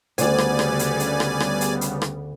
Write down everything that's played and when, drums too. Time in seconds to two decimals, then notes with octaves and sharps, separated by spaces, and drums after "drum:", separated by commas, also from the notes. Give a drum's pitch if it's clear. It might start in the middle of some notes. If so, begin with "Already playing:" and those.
0.18 D2 G#2 C#3 G3 B3 D5 G#5, drum: hi-hat
0.38 drum: rim click
0.59 drum: rim click
0.79 drum: hi-hat
1.00 drum: hi-hat
1.20 drum: rim click
1.40 drum: rim click
1.61 drum: hi-hat
1.81 drum: hi-hat
2.02 drum: rim click